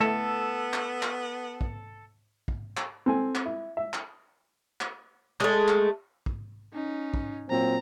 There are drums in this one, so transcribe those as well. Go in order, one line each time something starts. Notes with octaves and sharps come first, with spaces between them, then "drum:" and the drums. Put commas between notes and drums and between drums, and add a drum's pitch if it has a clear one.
A3 B3 A4
drum: clap
drum: clap
drum: kick
drum: kick
drum: clap
C4 A4 G#5
drum: clap
E4
E5
drum: clap
drum: clap
G#3 A3, drum: clap
drum: clap
drum: kick
C#4 D#4
drum: kick
A#2 F#3 C4 A#5